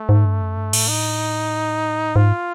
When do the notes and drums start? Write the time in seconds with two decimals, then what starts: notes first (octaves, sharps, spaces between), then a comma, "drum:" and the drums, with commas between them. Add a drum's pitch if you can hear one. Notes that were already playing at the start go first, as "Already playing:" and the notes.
Already playing: A3
0.09 G#2
0.25 G2
0.42 F#2
0.57 G2
0.73 A2, drum: cymbal
0.89 D#4
2.16 G#2 F4